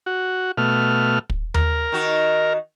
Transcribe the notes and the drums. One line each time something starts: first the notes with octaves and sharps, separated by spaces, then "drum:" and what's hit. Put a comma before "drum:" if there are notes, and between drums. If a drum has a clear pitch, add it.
F#4
B2 A3 F6
drum: kick
A#4, drum: tom D#2
D#3 F#4